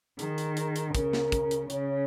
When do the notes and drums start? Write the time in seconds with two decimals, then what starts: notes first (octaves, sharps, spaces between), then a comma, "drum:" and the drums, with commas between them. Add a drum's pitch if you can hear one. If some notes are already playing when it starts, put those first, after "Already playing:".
0.19 D#3 G#4, drum: hi-hat
0.38 drum: hi-hat
0.57 drum: hi-hat
0.76 drum: hi-hat
0.95 C#3 A#4, drum: kick, hi-hat
1.13 drum: snare
1.32 drum: kick, hi-hat
1.51 drum: hi-hat
1.70 C#3 C#5, drum: hi-hat